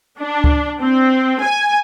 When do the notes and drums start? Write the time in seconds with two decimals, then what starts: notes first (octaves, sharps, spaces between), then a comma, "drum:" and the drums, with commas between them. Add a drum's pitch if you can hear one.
0.20 D4
0.44 drum: kick C#2
0.81 C4
1.41 G#5